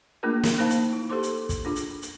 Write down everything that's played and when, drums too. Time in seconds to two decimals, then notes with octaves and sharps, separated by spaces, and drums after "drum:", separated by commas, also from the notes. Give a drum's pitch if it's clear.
0.23 A3 A#3 D4 F4 G#4 A#4
0.43 drum: snare
0.58 A#3 D#4 C5 F5 A5
0.70 drum: hi-hat
0.93 E4
1.09 G4 A4 C5 C6 D6
1.23 drum: hi-hat
1.49 drum: kick, hi-hat
1.65 D4 F4 G#4
1.76 drum: hi-hat
2.02 drum: hi-hat